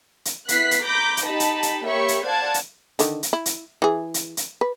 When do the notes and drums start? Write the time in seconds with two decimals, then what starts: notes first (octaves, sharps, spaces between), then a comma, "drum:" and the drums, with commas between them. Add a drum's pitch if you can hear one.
0.25 drum: hi-hat
0.49 B3 E4 F#6 B6 C7, drum: hi-hat
0.71 drum: hi-hat
0.84 A#5 B5 D6 G6 A#6
1.17 drum: hi-hat
1.26 D#4 G4 A5 B5
1.40 drum: hi-hat
1.63 drum: hi-hat
1.85 A#3 G4 C#5 E5 B5 C#6
2.08 drum: hi-hat
2.25 C5 D5 F5 F#5 A5 G#6
2.54 drum: hi-hat
2.99 D3 D#3, drum: hi-hat
3.23 drum: hi-hat
3.33 E4
3.46 drum: hi-hat
3.82 E3 G#4
4.14 drum: hi-hat
4.37 drum: hi-hat
4.61 B4